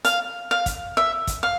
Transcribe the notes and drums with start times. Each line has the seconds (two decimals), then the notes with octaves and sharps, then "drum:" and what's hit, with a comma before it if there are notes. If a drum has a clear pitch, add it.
0.05 F5, drum: hi-hat
0.51 F5
0.66 drum: kick, hi-hat
0.97 E5
1.27 drum: kick, hi-hat
1.43 F5